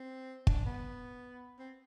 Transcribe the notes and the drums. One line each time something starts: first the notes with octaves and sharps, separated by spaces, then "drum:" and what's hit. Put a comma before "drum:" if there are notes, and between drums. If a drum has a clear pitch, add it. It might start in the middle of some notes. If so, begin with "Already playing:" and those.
Already playing: C4
D4, drum: kick
B3
C4